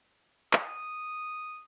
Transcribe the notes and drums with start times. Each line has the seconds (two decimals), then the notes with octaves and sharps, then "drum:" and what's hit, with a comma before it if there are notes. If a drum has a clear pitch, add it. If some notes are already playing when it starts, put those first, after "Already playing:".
0.53 D#6, drum: clap